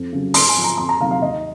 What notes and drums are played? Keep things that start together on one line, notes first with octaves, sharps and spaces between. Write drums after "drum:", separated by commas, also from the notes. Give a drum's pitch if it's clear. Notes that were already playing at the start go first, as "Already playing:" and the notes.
Already playing: F2
C#3 F#3
G#2 C6, drum: open hi-hat
G#5
F3
A#5
F2 C6
A#5
C3 D#3 F#3 F5
F5
D#2 D#5